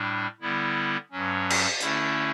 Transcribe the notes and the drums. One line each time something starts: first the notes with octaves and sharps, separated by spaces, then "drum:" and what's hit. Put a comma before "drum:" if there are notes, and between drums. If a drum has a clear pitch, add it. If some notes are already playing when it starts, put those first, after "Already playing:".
Already playing: A2 G3 D4
D3 G3 B3 E4
G2 F#3 C#4
drum: cymbal
D3 A3 C#4 E4, drum: hi-hat